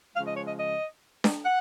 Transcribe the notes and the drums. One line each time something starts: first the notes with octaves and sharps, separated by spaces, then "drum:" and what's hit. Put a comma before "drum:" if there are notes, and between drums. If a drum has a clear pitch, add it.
C#3 F3 G#3 F5
D#5
C#5
D#5
D#5
drum: snare D4
F#5